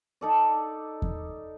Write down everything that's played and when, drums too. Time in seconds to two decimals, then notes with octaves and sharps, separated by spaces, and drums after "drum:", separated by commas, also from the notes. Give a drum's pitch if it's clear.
0.21 D#4 A4 D5
1.02 drum: kick E2